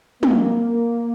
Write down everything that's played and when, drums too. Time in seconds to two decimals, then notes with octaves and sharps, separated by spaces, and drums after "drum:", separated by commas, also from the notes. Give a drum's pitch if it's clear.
0.23 A#3, drum: tom